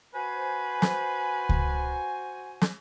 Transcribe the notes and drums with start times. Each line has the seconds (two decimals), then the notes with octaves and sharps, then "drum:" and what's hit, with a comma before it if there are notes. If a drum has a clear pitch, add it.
0.15 F#4 B4 C5 G#5
0.82 drum: snare
1.49 drum: kick C#2
2.62 drum: snare